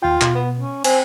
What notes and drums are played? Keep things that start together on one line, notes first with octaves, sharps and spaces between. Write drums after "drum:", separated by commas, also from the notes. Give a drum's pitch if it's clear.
D#2 F4 G5
B2, drum: clap
B3
C#4
C4 G#5, drum: cymbal